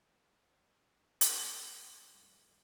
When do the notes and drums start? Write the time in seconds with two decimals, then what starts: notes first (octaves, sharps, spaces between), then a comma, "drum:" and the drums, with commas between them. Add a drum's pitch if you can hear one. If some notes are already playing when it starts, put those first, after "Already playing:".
1.21 A#3 B3 D#4, drum: hi-hat
2.11 G2 A3 C#4 E4 G#4